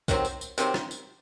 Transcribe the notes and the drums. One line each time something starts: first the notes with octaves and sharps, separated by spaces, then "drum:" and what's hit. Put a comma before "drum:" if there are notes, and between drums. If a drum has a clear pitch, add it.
C3 D#3 F#3 C4, drum: kick B1, tambourine
drum: tambourine
drum: tambourine
C3 D#3 F#3 C4, drum: tambourine
drum: rim click
drum: tambourine